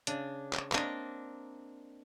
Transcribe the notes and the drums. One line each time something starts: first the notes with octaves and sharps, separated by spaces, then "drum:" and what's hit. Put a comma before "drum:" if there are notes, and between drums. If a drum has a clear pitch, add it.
C#3 D4, drum: hi-hat
drum: clap
A#3 C4 D4 D#5, drum: clap